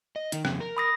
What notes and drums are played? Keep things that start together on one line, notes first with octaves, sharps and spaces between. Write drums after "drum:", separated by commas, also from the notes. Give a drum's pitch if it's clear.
D#5
D#3 D#4, drum: hi-hat
F2 G#2 C#3, drum: rim click
A#4
B5 D#6 A#6